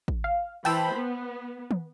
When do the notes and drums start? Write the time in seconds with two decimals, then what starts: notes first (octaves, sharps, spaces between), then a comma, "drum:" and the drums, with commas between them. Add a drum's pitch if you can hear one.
0.08 drum: kick
0.24 F5
0.65 E3 C5 G5 A5 B5 E6, drum: open hi-hat
0.95 B3
1.71 drum: tom